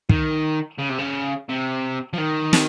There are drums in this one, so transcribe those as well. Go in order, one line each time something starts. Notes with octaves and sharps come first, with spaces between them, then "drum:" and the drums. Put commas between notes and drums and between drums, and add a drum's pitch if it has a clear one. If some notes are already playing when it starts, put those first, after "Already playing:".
D#3, drum: kick
C#3
C3
C#3
C3
F3
D#3
drum: snare